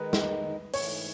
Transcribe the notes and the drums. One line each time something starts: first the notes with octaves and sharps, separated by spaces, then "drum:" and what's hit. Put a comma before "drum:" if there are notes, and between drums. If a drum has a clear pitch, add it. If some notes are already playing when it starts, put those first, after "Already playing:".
Already playing: D#3 G#3 D#4 B4 D#5
drum: snare
G#2 E3 A3 C#5, drum: open hi-hat